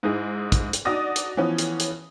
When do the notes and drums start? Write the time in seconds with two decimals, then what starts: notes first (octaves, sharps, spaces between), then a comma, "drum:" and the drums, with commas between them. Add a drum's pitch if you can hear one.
0.03 G#2 D#4 E4 G#4
0.52 drum: kick, hi-hat
0.73 drum: hi-hat
0.85 D4 D#4 F#4 D5 D#6 A#6
1.16 drum: hi-hat
1.37 E3 F3 B3 C#4
1.58 drum: hi-hat
1.80 drum: hi-hat